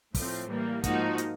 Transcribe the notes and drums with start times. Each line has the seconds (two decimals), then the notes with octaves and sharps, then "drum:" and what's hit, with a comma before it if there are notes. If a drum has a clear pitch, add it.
0.14 A2 F3 A3 C4, drum: kick, open hi-hat
0.49 E3 G3 A#3
0.84 G#2 F3 A#3 D#4 F#4, drum: kick, hi-hat
1.18 drum: hi-hat